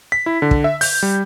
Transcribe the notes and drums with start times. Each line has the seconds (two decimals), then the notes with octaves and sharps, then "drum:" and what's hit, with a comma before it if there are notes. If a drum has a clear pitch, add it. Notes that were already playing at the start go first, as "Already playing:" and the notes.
0.12 B6
0.26 E4
0.42 D3
0.51 drum: kick
0.64 E5
0.81 G6, drum: open hi-hat
1.03 G3